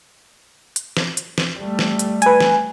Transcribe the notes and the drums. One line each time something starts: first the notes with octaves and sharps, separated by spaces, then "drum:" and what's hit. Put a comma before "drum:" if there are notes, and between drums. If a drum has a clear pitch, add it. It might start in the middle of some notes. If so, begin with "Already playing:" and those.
drum: hi-hat
drum: snare
drum: hi-hat
drum: snare
G3 A3
drum: snare
drum: hi-hat
B4 G#5, drum: hi-hat
drum: snare